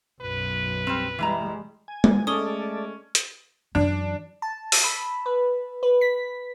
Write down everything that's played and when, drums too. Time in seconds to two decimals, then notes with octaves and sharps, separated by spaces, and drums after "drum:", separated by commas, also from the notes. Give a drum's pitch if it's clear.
0.21 B1 F#2 B4
0.87 G3 C4
1.19 E3 G3 G#3 E4 A#5
1.88 G#5
2.04 drum: tom G#3
2.27 G#3 A3 C#4 A4 D5 D#6 G7
3.15 drum: hi-hat
3.75 F#2 E3 D4
4.42 A5
4.72 E6, drum: open hi-hat
4.84 B5
5.26 B4
5.83 B4
6.01 B6